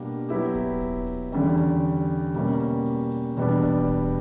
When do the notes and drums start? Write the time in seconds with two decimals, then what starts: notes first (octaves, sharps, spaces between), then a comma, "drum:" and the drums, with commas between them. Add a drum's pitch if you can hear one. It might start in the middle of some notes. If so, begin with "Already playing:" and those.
Already playing: B2 G3 A#3 D4
0.29 F#3 B3 E4 G4, drum: hi-hat
0.55 drum: kick D#1, hi-hat
0.81 drum: kick D#1, hi-hat
1.06 drum: hi-hat
1.32 E2 D3 G3 C#4, drum: hi-hat
1.57 drum: hi-hat
2.34 B2 G3 A#3 C#4, drum: hi-hat
2.60 drum: hi-hat
2.86 drum: open hi-hat
3.11 drum: hi-hat
3.37 E2 B2 G3 B3 D4, drum: hi-hat
3.62 drum: kick D#1, hi-hat
3.88 drum: kick D#1, hi-hat